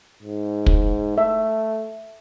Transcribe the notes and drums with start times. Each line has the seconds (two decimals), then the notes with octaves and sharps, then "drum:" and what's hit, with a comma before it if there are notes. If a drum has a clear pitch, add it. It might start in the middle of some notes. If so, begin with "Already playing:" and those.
0.23 G#2
0.66 drum: kick
1.18 A3 E5